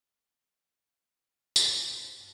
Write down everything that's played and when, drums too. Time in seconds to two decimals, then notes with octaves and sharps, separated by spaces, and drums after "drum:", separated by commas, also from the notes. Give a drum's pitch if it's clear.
1.56 G#4, drum: tambourine
1.88 B2 F#4 C5
2.19 G2 F#5 A5 F6